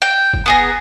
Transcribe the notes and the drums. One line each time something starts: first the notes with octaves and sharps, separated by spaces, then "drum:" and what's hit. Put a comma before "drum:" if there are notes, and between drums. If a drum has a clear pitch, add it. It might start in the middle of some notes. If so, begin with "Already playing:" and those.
G5
drum: kick F#1
B3 G#4 A#5